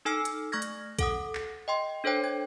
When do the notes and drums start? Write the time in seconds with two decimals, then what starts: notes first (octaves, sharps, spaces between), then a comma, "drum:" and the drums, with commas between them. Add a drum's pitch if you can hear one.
0.05 D#4 A4 G#5 E6 F6 C7
0.25 drum: hi-hat
0.52 A3 C#6 F6 G#6 A#6
0.62 drum: hi-hat
0.99 A4 F#5 D#6, drum: kick, hi-hat
1.35 drum: clap
1.68 D#5 G5 C6
2.04 D4 A4 C5 C#5 G5
2.24 G#6